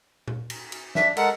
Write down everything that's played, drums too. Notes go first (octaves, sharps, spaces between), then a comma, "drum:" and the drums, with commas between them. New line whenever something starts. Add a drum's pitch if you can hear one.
drum: tom A#2
drum: cymbal
drum: cymbal
D4 E5, drum: snare
G#3 A4 A#4 F#5, drum: cymbal